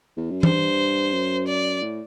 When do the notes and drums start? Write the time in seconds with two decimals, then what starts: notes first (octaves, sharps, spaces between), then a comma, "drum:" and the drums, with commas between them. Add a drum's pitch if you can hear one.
0.17 E2
0.30 F#2
0.43 G2 C5, drum: tom E3
1.13 F#2
1.47 D5
1.82 A2